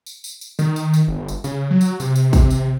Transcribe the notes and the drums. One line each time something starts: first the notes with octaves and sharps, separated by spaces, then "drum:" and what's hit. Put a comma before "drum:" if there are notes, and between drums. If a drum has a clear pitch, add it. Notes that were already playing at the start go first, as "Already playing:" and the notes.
drum: tambourine
drum: tambourine
drum: tambourine
D#3, drum: tambourine
drum: tambourine
drum: tambourine
G1
drum: tambourine
C#3, drum: tambourine
F#3
drum: tambourine
C3, drum: tambourine
drum: tambourine
drum: kick, tambourine
drum: tambourine